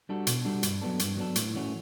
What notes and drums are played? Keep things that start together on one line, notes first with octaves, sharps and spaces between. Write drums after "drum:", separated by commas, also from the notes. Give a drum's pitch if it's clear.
G3 D4 F#4 A4
B2, drum: hi-hat
G3 D4 F#4 A4
G2, drum: hi-hat
F#3 B3 D4 A4
G2, drum: hi-hat
F#3 B3 D4 A4
A2, drum: hi-hat
E3 A3 C#4 F#4